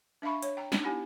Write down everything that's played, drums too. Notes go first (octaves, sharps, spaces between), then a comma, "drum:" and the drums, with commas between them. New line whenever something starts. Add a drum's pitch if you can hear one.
D4 E5 F5 B5 C#6
C#5, drum: hi-hat
G5 A#5
D4 D#4, drum: snare
B3 E4 G4 G#5